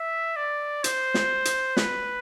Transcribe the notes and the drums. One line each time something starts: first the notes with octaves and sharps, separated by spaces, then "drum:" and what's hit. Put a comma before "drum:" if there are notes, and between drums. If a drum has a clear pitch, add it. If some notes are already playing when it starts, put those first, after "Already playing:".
Already playing: E5
D5
C5, drum: hi-hat
drum: snare
drum: hi-hat
B4, drum: snare